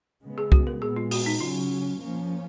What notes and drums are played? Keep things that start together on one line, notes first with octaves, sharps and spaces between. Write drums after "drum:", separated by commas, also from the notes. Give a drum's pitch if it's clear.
C#3 G#3 B3
G#4
F#4, drum: kick C2
A#4
A#2 G#3 B3 G#4
F4
F#4, drum: open hi-hat
D#4
C#3 F#3 C#4 F4
F3 A#3 C#4